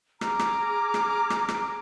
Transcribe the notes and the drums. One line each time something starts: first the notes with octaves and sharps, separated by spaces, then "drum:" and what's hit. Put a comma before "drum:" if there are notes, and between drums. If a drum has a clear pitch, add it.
G#4 A#5 D6 F6, drum: rim click
drum: rim click
drum: rim click
drum: rim click
drum: rim click